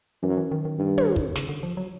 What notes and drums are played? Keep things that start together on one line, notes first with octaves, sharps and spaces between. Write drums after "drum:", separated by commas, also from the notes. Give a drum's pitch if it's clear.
F#2 E3
E3
D#3
D#3
G2
drum: tom
drum: kick
C#3, drum: snare
D3
F3
F#3